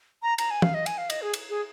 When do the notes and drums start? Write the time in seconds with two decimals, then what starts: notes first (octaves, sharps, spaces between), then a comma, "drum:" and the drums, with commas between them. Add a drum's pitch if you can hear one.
0.23 A#5
0.38 A#5, drum: cymbal
0.51 G#5
0.62 F5, drum: tom
0.74 D#5
0.86 G#5, drum: cymbal
0.98 F5
1.10 D#5, drum: cymbal
1.22 G#4
1.33 drum: cymbal
1.49 G#4